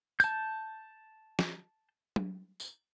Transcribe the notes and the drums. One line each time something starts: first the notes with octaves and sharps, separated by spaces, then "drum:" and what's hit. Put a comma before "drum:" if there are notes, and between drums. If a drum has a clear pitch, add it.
A5 G6, drum: tambourine
drum: snare
drum: tom F#3
drum: tambourine